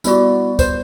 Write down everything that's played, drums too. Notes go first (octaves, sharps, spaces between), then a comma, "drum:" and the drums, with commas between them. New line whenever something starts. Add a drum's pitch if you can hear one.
G3 B3 E4 F#4 D5, drum: tambourine
C5, drum: kick, tambourine